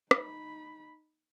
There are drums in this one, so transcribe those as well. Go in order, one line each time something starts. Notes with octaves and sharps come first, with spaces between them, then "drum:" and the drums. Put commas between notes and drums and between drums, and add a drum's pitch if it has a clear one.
D#4 B5, drum: rim click